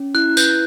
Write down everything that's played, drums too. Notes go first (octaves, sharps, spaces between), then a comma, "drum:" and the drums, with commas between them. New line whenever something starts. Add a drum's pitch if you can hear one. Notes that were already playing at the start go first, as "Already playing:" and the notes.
Already playing: C#4
E4 F#6
B4 G6, drum: tambourine